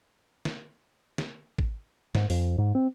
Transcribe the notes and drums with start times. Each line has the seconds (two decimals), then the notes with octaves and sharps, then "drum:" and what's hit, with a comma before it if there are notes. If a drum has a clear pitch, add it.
0.45 drum: snare
1.18 drum: snare
1.58 drum: kick
2.15 G#2, drum: snare
2.30 F2, drum: open hi-hat
2.58 G#2
2.75 C4